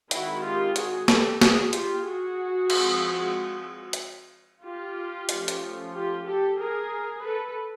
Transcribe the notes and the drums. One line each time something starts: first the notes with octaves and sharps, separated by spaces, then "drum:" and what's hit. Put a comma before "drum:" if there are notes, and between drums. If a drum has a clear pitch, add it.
D#3 G#3 C4 E4 F#4, drum: hi-hat
F4 G4
F#4 G#4, drum: hi-hat
G4 A4, drum: snare
F#4 G#4, drum: snare
F4 G4, drum: hi-hat
F#4 G#4
F3 G#3 C4, drum: cymbal
drum: hi-hat
F4 G4
F3 A3 C#4, drum: hi-hat
drum: hi-hat
F4 G4
G4 A4
G#4 A#4
A4 B4